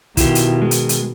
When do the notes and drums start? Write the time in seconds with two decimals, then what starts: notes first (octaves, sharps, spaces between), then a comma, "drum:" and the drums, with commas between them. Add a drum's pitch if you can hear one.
0.17 B2 D#3 E4 F4 G4, drum: kick, hi-hat
0.35 drum: hi-hat
0.62 G#3
0.71 drum: hi-hat
0.89 drum: hi-hat